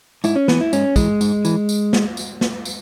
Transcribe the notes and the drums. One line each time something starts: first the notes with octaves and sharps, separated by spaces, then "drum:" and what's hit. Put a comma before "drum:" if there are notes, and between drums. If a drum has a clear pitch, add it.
G#2 E4, drum: tambourine
C#4
E3 B3, drum: snare
E4
G#2 C#4, drum: tambourine
E3 G#3, drum: kick, tambourine
G#2, drum: tambourine
E3, drum: tambourine
drum: tambourine
drum: snare
drum: tambourine
drum: snare
drum: tambourine